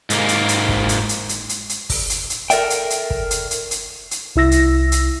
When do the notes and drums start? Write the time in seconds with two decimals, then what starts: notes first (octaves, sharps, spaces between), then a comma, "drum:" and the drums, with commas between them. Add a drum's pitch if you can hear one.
0.10 G#2 A#3, drum: hi-hat
0.28 drum: hi-hat
0.49 drum: hi-hat
0.69 drum: kick
0.89 drum: hi-hat
1.09 drum: hi-hat
1.29 drum: hi-hat
1.49 drum: hi-hat
1.69 drum: hi-hat
1.90 drum: kick, open hi-hat
2.10 drum: hi-hat
2.30 drum: hi-hat
2.50 A4 A#4 C#5 D5 E5 G5, drum: hi-hat
2.70 drum: hi-hat
2.90 drum: hi-hat
3.10 drum: kick
3.31 drum: hi-hat
3.51 drum: hi-hat
3.71 drum: hi-hat
4.11 drum: hi-hat
4.36 C2 E4 E6 A#6
4.51 drum: hi-hat
4.92 drum: hi-hat